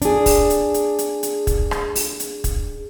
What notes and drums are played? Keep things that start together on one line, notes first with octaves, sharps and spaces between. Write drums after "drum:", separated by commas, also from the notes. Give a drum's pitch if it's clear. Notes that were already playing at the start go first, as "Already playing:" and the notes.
D4 G#4, drum: hi-hat
drum: kick, open hi-hat
drum: hi-hat
drum: hi-hat
drum: hi-hat
drum: hi-hat
drum: kick, hi-hat
drum: rim click
drum: open hi-hat
drum: hi-hat
drum: kick, hi-hat